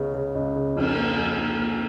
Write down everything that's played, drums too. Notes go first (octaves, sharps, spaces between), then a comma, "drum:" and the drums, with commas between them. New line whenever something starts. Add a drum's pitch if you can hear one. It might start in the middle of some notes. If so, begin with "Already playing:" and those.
Already playing: C#2 C#3 B3
C#3
C#2
C#3
F2, drum: cymbal
A#3
F2
A#3
A#3